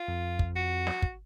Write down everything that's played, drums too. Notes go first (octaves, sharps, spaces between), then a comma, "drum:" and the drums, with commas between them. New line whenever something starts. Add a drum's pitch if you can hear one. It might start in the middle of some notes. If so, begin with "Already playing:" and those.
Already playing: F4
F2
drum: kick
F#4
drum: snare
drum: kick